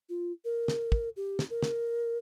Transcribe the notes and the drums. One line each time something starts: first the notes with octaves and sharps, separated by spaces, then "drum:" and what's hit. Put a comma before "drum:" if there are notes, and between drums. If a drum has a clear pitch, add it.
F4
A#4
drum: snare
drum: kick
G4
drum: snare
A#4
drum: snare